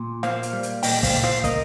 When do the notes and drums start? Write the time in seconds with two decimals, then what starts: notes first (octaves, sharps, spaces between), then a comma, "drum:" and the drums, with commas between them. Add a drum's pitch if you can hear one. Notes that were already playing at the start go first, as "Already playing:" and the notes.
Already playing: A#2
0.23 A#3 C5 F5, drum: snare
0.43 drum: hi-hat
0.53 G3
0.63 drum: hi-hat
0.83 A#2 D#5 G5, drum: open hi-hat
1.03 C5 F5, drum: kick, open hi-hat
1.14 A#2
1.23 C5 F5, drum: snare
1.44 A#4 D#5, drum: kick, hi-hat